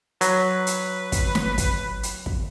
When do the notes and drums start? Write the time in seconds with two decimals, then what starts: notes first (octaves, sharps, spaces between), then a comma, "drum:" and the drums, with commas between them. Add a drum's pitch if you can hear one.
0.21 F#3 B4, drum: hi-hat
0.67 drum: hi-hat
1.12 drum: kick, hi-hat
1.35 drum: snare
1.58 drum: kick, hi-hat
2.03 drum: hi-hat
2.26 drum: kick